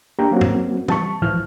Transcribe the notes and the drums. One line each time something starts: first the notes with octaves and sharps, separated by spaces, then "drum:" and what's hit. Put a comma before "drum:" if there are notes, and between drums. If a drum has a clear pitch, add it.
A#3 D4 G4 A#5
F#3 A#3 C4 C#4 F#4
drum: tom G2
G3 A5 C#6, drum: tom
C2 G#2 E3 F3 F6